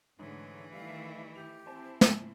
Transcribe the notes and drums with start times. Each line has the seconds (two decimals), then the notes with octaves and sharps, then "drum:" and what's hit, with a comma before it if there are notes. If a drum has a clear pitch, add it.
0.20 G#2 D3 E3 A3 C#5
0.72 D#3 G3 A3 E4 F5
1.35 G4 F7
1.66 C4 E4 C5 G#5 A5
2.01 drum: snare